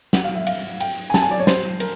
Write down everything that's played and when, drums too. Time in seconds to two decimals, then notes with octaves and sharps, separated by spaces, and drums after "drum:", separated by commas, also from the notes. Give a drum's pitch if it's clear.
0.13 F#5, drum: snare
0.24 F5
0.35 E5
0.47 F5, drum: cymbal
0.80 G5, drum: cymbal
1.10 G#5
1.14 A5, drum: snare
1.22 G#5
1.31 D5
1.39 C#5
1.47 C5, drum: snare
1.80 A#4, drum: cymbal